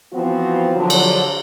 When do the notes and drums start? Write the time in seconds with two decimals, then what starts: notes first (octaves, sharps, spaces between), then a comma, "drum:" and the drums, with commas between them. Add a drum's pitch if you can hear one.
0.13 E3 F3 B3 C4 F4 F#4
0.74 D3 F3 F#3
0.90 drum: cymbal